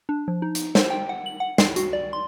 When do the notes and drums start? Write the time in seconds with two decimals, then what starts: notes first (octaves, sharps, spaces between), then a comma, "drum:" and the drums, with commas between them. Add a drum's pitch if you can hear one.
0.09 D4
0.28 F3
0.42 D#4
0.55 drum: hi-hat
0.75 C5, drum: snare
0.90 G5
1.09 F#5
1.26 F#7
1.40 F#5
1.58 C7, drum: snare
1.76 F#4, drum: hi-hat
1.93 D5
2.13 C6